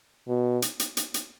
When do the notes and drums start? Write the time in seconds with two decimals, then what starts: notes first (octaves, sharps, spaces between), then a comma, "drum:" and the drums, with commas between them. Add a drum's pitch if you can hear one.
0.28 B2
0.62 drum: hi-hat
0.79 drum: hi-hat
0.97 drum: hi-hat
1.14 drum: hi-hat